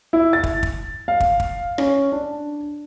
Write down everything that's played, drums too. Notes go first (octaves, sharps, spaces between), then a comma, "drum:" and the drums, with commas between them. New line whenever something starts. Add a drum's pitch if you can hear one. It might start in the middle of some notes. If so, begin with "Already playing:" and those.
E4
A6
drum: kick
drum: kick
F5
drum: kick
drum: kick
C#4, drum: rim click
D4